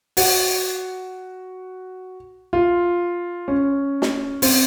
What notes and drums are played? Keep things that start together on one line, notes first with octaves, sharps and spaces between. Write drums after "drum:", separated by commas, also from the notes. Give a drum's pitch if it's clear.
F#4, drum: open hi-hat
F4
C#4
drum: snare
C4, drum: open hi-hat